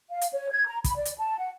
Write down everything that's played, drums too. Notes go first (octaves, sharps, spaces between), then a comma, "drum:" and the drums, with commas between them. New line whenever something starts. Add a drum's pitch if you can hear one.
F5
drum: hi-hat
C#5
G#6
A#5
B5, drum: kick, hi-hat
D5
drum: hi-hat
A5
F#5